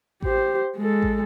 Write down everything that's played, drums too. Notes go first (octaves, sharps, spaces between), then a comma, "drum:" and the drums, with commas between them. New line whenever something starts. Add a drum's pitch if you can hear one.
G4 C5, drum: kick A1
G#3 A4
drum: kick A1